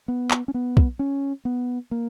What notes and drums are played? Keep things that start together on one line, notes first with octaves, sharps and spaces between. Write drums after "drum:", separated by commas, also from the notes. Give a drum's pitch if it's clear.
B3
drum: clap
C#4
B3
drum: kick
C#4
B3
A#3